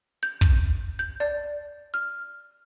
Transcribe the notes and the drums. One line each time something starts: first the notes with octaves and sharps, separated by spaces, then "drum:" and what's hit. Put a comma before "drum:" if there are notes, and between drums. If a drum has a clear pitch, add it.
G6
drum: kick
G6
D5
F6